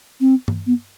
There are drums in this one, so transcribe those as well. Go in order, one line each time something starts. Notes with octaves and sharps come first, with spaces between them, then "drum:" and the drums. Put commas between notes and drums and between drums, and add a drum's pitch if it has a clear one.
C4
drum: tom G2
B3